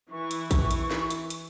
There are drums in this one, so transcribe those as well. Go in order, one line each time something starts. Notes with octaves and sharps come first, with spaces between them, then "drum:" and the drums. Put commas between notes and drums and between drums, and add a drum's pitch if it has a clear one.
E3 C#6
drum: hi-hat
drum: kick, hi-hat
drum: hi-hat
drum: snare
drum: hi-hat
drum: hi-hat